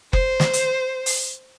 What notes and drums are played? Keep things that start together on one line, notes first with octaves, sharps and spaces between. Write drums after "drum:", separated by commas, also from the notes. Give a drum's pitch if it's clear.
C5, drum: kick F#1
drum: snare
drum: hi-hat
drum: open hi-hat